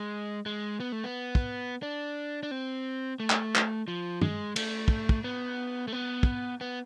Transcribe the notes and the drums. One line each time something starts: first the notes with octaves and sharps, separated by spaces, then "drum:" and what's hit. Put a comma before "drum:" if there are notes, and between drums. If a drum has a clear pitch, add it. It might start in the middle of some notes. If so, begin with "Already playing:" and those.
Already playing: G#3
G#3
B3
A3
B3
drum: kick
D4
D4
C4
A3
drum: clap
drum: clap
F3
G#3, drum: tom
A3, drum: cymbal
drum: kick
drum: kick
B3
A3
B3
drum: kick
B3